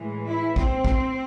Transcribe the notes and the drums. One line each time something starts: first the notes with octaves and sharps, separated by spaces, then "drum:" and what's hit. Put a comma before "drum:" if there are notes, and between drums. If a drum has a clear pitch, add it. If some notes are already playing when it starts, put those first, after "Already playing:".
Already playing: A2 E3 G#3
E4
C4, drum: kick
drum: kick